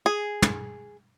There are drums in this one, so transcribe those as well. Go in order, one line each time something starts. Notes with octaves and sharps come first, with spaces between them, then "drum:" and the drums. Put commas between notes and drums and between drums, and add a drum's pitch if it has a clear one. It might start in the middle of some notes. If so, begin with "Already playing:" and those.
G#4
drum: tom